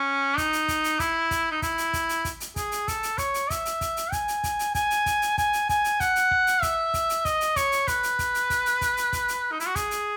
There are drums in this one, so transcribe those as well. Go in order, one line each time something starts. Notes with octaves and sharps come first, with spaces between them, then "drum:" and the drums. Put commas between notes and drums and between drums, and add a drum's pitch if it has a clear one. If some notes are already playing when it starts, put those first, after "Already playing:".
Already playing: C#4
D#4, drum: kick, hi-hat
drum: hi-hat
drum: kick, hi-hat
drum: hi-hat
E4, drum: kick, hi-hat
drum: kick, hi-hat
D#4
E4, drum: kick, hi-hat
drum: hi-hat
drum: kick, hi-hat
drum: hi-hat
drum: kick, hi-hat
drum: hi-hat
G#4, drum: kick, hi-hat
drum: hi-hat
A4, drum: kick, hi-hat
drum: hi-hat
C#5, drum: kick, hi-hat
drum: hi-hat
E5, drum: kick, hi-hat
drum: hi-hat
drum: kick, hi-hat
drum: hi-hat
G#5, drum: kick, hi-hat
drum: hi-hat
drum: kick, hi-hat
drum: hi-hat
G#5, drum: kick, hi-hat
drum: hi-hat
drum: kick, hi-hat
drum: hi-hat
G#5, drum: kick, hi-hat
drum: hi-hat
G#5, drum: kick, hi-hat
drum: hi-hat
F#5, drum: kick, hi-hat
drum: hi-hat
drum: kick
drum: hi-hat
E5, drum: kick, hi-hat
drum: kick, hi-hat
drum: hi-hat
D#5, drum: kick, hi-hat
drum: hi-hat
C#5, drum: kick, hi-hat
drum: hi-hat
B4, drum: kick, hi-hat
drum: hi-hat
drum: kick, hi-hat
drum: hi-hat
drum: kick, hi-hat
drum: hi-hat
drum: kick, hi-hat
drum: hi-hat
drum: kick, hi-hat
drum: hi-hat
D#4
E4, drum: hi-hat
F#4
G#4, drum: kick, hi-hat
drum: hi-hat